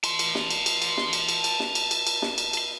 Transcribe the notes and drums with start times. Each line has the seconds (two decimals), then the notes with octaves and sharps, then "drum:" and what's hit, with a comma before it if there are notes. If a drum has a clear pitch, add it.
0.04 A5 C6, drum: cymbal
0.19 drum: cymbal
0.35 drum: snare
0.50 drum: cymbal
0.66 drum: cymbal
0.82 drum: cymbal
0.97 drum: snare
1.13 drum: cymbal
1.29 drum: cymbal
1.44 drum: cymbal
1.60 drum: snare
1.75 drum: cymbal
1.91 drum: cymbal
2.07 drum: cymbal
2.22 drum: snare
2.38 drum: cymbal
2.53 drum: cymbal